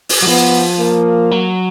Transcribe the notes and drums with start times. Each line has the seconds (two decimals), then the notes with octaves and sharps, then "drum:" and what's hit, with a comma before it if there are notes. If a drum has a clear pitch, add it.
0.09 drum: open hi-hat
0.22 F#3
0.27 F3 B3
0.79 A#3
1.31 F#3